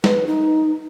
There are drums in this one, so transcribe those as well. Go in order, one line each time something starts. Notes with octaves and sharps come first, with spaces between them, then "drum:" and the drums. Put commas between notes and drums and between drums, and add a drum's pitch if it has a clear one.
B4, drum: snare
D#4